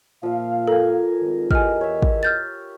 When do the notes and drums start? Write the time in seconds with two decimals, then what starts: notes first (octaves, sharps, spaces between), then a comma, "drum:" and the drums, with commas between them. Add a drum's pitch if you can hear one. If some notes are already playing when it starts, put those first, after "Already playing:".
0.23 A#2 F3 E5 F5
0.68 A4 A#4 G#5
1.21 G#1
1.51 E2 G4 A#4 D#5 G#5 F6, drum: kick
1.81 C#5 E5
2.02 drum: kick
2.23 F6 G6 A6